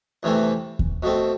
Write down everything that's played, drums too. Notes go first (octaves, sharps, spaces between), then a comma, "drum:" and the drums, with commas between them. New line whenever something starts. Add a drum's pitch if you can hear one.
E2 C3 E3 A3 C4
drum: kick D#2
B2 A3 C4